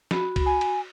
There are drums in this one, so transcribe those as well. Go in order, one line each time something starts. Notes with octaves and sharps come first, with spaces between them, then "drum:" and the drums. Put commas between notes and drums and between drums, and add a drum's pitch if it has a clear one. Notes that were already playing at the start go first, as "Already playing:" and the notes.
F#4 B5, drum: snare
drum: kick C2, cymbal
G#5
drum: cymbal